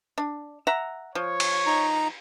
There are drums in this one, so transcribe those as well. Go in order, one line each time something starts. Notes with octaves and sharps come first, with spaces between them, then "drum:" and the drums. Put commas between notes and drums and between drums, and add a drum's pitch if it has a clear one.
D4
E5 F#5 A#5
F3 C#5
drum: cymbal
D#4 A#5